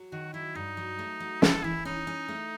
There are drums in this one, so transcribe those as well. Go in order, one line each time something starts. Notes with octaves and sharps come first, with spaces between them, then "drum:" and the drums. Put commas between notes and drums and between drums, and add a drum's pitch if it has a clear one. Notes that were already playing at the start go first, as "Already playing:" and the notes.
Already playing: F#3
D#3 F#4
F#3 E4
G2 D#4
F#3
A3
F#3
E3 A4, drum: snare
E3 E4
C#4 D#4
C#4
A3